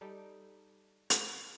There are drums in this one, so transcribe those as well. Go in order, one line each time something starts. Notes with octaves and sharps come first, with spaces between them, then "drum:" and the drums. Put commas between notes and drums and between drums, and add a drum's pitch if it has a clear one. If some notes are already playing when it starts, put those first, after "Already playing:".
G3 D#4 A4 G5
drum: hi-hat